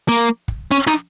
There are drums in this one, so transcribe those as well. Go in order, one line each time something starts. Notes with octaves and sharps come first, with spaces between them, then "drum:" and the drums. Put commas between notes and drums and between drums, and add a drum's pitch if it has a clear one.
A#3
drum: kick
C#4
D#4, drum: rim click